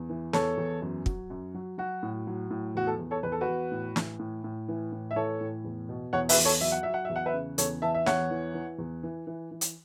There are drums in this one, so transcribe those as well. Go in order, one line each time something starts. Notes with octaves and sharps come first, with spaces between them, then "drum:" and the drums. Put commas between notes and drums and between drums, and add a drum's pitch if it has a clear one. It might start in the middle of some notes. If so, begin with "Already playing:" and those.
Already playing: E2
E3
E2 A4 C#5, drum: snare
E2
F#2
F#3, drum: kick
F#2
F#3
F#3 F#4
A2
F#3
A2
E2 F#4
A4
E2
A4 C#5
E2 B4
A4
F#4 B4
E2
A2
E3, drum: snare
A2
A2
E3
A2
E5
E3 A4 C#5
A2
E2
B2
E2 C#5 F#5
B4 E5, drum: open hi-hat
E2
A4 C#5
F#3 E5
F#5
F#3 E5
F#5
E2 E5
F#5
B4 E5
C#3
E2 A4 C#5, drum: hi-hat
E3 E5 A5
E5
E2 C#5 F#5, drum: snare
E3
E3
E2
E3
E3
E3
drum: hi-hat